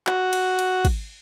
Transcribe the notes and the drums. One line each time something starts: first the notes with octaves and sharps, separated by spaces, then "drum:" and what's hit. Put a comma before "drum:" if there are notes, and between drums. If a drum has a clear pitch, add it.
F#4, drum: clap
drum: cymbal
drum: cymbal
drum: kick, cymbal